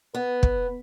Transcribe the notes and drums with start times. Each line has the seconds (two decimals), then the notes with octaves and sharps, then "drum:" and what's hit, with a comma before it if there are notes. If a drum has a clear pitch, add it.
0.15 B3 B4
0.43 drum: kick